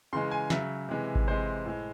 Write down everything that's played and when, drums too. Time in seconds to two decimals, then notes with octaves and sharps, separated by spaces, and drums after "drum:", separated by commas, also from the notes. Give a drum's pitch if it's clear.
0.13 C#3 E3 G#3 C6
0.31 G#5
0.50 C#3 F#3 E5, drum: snare
0.89 C3 E3 G#3
1.15 drum: kick G#1
1.28 C3 E3 G#3 C5
1.65 A2 G#3